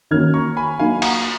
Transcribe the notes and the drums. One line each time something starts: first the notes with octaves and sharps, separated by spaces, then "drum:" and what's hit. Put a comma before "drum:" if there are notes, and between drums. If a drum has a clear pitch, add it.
D#3 A#3 C#4 F#4 F6 G#6
A#5 C#6
G#5 B5
F#3 A#3 D#4 F5 G#5
F#5 A#5, drum: cymbal